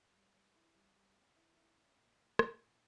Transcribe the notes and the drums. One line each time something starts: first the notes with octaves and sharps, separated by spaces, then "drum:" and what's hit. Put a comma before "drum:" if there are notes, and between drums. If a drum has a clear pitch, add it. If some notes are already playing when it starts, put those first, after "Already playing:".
G3
G3
E4
G3
G3
C#4
E4
E4
C#4
A#2
A#2
A#2, drum: rim click
A#2